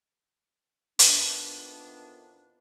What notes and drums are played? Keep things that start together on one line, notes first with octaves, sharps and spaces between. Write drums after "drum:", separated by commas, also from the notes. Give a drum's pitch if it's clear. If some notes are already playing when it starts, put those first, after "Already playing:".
F2 A#2 D#3 E3 B3 D4, drum: hi-hat